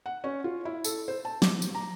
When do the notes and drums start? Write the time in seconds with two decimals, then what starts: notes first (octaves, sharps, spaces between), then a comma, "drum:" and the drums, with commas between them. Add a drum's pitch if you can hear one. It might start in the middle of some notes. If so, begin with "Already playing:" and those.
0.06 F#5
0.24 C#4
0.44 F4
0.65 E4
0.84 A4, drum: tambourine
1.08 C5
1.25 A5
1.42 D6, drum: snare
1.62 drum: tambourine
1.75 A#5